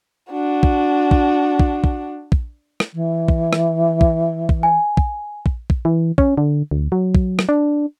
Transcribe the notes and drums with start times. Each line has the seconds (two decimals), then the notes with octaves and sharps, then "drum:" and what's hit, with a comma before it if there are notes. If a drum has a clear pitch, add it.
0.32 D4 F#4
0.63 drum: kick
1.11 drum: kick
1.60 drum: kick
1.84 drum: kick
2.32 drum: kick
2.80 drum: rim click
2.93 E3
3.28 drum: kick
3.53 drum: rim click
4.01 drum: kick
4.49 drum: kick
4.63 G#5
4.97 drum: kick
5.46 drum: kick
5.70 drum: kick
5.85 E3
6.18 C#4, drum: kick
6.38 D3
6.71 D2
6.92 F#3
7.15 drum: kick
7.39 drum: rim click
7.49 D4